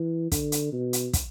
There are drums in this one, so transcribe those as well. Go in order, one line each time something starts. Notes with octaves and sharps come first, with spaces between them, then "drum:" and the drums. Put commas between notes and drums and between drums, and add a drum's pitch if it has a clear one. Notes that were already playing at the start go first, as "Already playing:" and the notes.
Already playing: E3
D3, drum: kick, hi-hat
drum: hi-hat
B2
drum: hi-hat
drum: kick, hi-hat